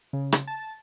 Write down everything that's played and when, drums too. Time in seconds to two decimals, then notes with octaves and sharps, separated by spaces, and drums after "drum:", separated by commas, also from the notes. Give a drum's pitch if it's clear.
0.13 C#3
0.32 drum: rim click
0.47 A5